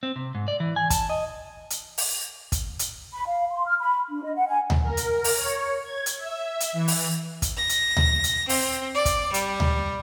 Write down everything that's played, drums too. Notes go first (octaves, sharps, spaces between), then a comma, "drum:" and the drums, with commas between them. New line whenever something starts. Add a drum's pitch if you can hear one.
C4
C3
G#2
D5
E3
G#5
A5, drum: kick, hi-hat
D#5
drum: hi-hat
drum: open hi-hat
drum: kick, hi-hat
drum: hi-hat
B5
F5
C6
F6
B5
D4
D#5
F#5
G#5
drum: tom D2
A#4
drum: hi-hat
drum: open hi-hat
C#5
G#6
drum: hi-hat
E5
drum: hi-hat
E3
drum: open hi-hat
drum: kick, hi-hat
A#6
drum: hi-hat
drum: tom D2
drum: hi-hat
C4, drum: open hi-hat
D5
drum: kick, hi-hat
G3, drum: hi-hat
drum: tom D2